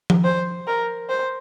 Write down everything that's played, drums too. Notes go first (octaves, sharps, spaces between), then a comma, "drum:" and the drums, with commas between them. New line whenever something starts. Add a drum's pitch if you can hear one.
drum: tom F3
C5
A#4
C5